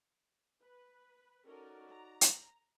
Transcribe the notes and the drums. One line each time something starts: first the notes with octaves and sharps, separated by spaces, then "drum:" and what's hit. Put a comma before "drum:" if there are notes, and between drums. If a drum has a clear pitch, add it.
B4
C#4 D#4 F#4 A4 A#4 D5
A#5
drum: hi-hat